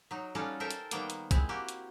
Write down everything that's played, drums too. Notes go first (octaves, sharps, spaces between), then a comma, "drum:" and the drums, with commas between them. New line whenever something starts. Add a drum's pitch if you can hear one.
F#3 D#4
G3 C#4 D#4 F4 F#4 A4
A4 A#4 C5 E5 G5
drum: hi-hat
D#3 G3 A#3 B3 C5 G5, drum: hi-hat
drum: hi-hat
G#3 C4 E4, drum: kick A#1, hi-hat
A#3 F#4 G4
drum: hi-hat